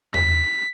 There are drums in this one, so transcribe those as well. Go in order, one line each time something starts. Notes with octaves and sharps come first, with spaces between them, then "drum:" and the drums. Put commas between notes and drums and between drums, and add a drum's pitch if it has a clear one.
B6, drum: tom E2